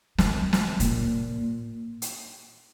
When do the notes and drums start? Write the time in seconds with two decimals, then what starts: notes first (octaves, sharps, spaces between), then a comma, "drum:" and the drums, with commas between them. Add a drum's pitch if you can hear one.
0.18 D#3, drum: snare
0.53 drum: snare
0.80 A#2, drum: hi-hat
2.02 drum: hi-hat